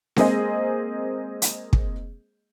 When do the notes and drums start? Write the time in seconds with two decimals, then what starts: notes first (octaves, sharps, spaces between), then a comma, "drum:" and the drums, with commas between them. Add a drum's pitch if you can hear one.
0.16 G#3 A#3 C4 G#4 C5 D#5, drum: snare C4
1.42 drum: hi-hat
1.73 drum: kick